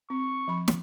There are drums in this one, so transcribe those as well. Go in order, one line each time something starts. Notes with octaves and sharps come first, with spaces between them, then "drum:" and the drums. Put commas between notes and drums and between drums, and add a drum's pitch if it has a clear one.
C4 C#6
F3 B5
drum: snare